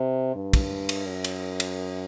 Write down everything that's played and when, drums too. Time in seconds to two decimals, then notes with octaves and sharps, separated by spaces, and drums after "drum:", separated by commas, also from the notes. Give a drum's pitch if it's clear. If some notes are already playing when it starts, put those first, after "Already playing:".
Already playing: C3
0.35 G2
0.53 drum: kick, cymbal
0.89 drum: cymbal
1.07 F#2
1.24 drum: cymbal
1.60 drum: cymbal